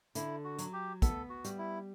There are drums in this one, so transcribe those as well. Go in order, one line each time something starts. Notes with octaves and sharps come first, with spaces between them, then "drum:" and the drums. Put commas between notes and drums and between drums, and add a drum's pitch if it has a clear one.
D3 E4, drum: hi-hat
F#4
F#3, drum: hi-hat
G4
B3 A4, drum: kick, hi-hat
F#4
G3, drum: hi-hat
E4